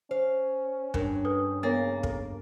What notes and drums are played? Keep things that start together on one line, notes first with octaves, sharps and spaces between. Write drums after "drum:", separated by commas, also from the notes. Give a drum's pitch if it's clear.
C#4 C5 F5
G2 A#4, drum: kick
A4 B4 D#6
C#3 A#3 B3 C#5 A6
A4, drum: kick